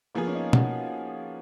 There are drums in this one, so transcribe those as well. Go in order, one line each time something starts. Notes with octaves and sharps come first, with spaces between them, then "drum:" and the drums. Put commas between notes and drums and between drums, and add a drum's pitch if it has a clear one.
F3 A#3 B3 F4 G#4
C#4
D#4
F#4, drum: tom